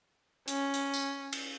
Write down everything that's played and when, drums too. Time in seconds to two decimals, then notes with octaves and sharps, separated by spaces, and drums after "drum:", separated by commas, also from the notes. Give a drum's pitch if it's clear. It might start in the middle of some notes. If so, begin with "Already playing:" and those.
0.48 C#4, drum: hi-hat
0.74 drum: hi-hat
0.94 drum: tambourine
1.33 drum: cymbal